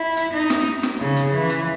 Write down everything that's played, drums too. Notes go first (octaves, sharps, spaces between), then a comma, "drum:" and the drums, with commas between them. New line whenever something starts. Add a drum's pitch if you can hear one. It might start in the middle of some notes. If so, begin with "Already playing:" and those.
Already playing: E4
drum: hi-hat
D#4
drum: snare
drum: snare
C#3
drum: hi-hat
E3
drum: hi-hat